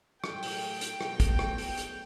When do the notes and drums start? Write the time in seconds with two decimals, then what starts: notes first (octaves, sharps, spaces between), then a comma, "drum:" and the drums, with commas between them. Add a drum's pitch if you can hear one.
0.24 A2 F#3 A3 G5, drum: rim click
0.43 drum: open hi-hat
0.81 drum: hi-hat
1.01 B2 F#3 A3, drum: rim click
1.20 drum: kick, hi-hat
1.39 drum: rim click
1.58 drum: open hi-hat
1.78 drum: hi-hat